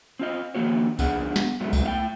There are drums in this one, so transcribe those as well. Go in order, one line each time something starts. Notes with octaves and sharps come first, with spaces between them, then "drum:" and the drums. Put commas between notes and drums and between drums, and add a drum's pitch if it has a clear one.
C4 F4 D#5
D#3 F3 A#3 F#4 C#5
F2 D3 B3 G#4 F#5, drum: kick C2, tambourine
drum: snare
G2 F#3 G#3 A3 B3
drum: kick C2, tambourine
A2 F5 G5